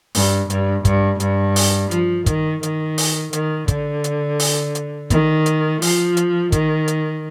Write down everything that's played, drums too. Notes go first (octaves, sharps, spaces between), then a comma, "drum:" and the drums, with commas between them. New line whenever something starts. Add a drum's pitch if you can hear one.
G2, drum: open hi-hat
G2, drum: hi-hat
G2, drum: kick, hi-hat
G2, drum: hi-hat
drum: open hi-hat
F3, drum: hi-hat
D#3, drum: kick, hi-hat
D#3, drum: hi-hat
drum: open hi-hat
D#3, drum: hi-hat
D3, drum: kick, hi-hat
drum: hi-hat
drum: open hi-hat
drum: hi-hat
D#3, drum: kick, hi-hat
drum: hi-hat
F3, drum: open hi-hat
drum: hi-hat
D#3, drum: kick, hi-hat
drum: hi-hat